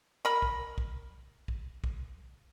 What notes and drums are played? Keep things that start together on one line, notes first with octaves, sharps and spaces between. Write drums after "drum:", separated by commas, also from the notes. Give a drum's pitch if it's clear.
A#4 B5
drum: kick
drum: kick
drum: kick
drum: kick